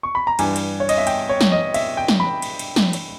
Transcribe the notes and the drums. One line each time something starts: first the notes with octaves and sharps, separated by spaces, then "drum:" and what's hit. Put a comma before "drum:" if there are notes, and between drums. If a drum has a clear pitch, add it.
C#6
B5
A#5
G2 E3 G3 G#5, drum: cymbal
drum: cymbal
C#5
D#5, drum: cymbal
E5
G5, drum: cymbal
C#5
drum: snare
D#5
E5, drum: cymbal
G5
drum: snare
B5
drum: cymbal
drum: cymbal
drum: snare
drum: cymbal